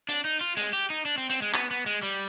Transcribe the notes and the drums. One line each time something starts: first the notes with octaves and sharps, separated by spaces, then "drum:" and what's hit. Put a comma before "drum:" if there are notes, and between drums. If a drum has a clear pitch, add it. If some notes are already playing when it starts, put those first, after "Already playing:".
D4, drum: hi-hat
D#4
F4
G#3, drum: hi-hat
G4
D#4
D4
C4
C4, drum: hi-hat
G#3
B3, drum: clap
B3
G#3
G3